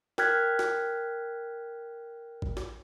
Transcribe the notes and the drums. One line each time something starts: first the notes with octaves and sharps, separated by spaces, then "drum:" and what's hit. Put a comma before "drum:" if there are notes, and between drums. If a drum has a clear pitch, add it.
A#4 G5 F6 F#6 G#6 B6, drum: snare
drum: snare
drum: kick
drum: snare